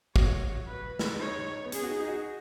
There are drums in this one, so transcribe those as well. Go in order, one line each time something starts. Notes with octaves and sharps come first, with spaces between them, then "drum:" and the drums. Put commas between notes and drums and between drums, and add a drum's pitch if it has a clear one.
F#4 C#5, drum: kick
B4
drum: snare
D#4 C#5
B3
C#4 G#4, drum: hi-hat
F#4
D#4
D#4
F#4